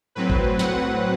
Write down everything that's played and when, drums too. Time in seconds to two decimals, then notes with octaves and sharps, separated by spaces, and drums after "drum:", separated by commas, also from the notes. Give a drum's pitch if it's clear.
0.15 A2 F#3 C4 B4
0.30 drum: kick G#1
0.59 F#5, drum: snare